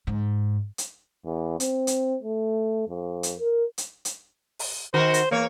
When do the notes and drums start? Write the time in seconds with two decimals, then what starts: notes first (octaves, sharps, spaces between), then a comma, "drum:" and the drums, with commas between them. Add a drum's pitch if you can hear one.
0.07 G#2
0.78 drum: hi-hat
1.26 E2
1.60 C4, drum: hi-hat
1.87 drum: hi-hat
2.23 A3
2.89 F2
3.23 drum: hi-hat
3.39 A#4
3.78 drum: hi-hat
4.05 drum: hi-hat
4.59 drum: open hi-hat
4.94 D#3 F#4 A#4 C5
5.14 drum: hi-hat
5.31 E2 A#3 C#5